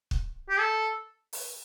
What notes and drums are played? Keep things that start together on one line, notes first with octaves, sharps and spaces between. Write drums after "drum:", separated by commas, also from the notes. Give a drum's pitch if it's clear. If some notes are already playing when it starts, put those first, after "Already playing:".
drum: kick
G4
A4
drum: open hi-hat